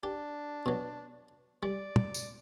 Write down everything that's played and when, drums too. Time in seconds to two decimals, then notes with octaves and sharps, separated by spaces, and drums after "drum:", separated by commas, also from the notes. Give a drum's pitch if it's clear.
0.03 D4 G4
0.66 B2 F#3
1.63 G3 D5
1.96 drum: tom
2.14 drum: tambourine